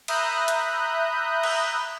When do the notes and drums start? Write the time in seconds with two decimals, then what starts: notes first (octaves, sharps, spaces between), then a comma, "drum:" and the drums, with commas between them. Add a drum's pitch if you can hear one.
0.08 E5 A#5 B5 D#6 F#6 G6, drum: cymbal
0.48 drum: hi-hat
1.43 drum: cymbal